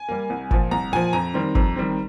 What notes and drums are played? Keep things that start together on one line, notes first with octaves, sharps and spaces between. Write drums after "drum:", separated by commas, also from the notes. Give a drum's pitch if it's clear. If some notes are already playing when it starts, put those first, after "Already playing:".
Already playing: G#5
G3 A#3
C2
A#2 F3, drum: kick G1
C2 A#5
A#2 F3 G#5
F2 A#5
D#3 G3 C4
F2, drum: kick G1
D#3 G3 C4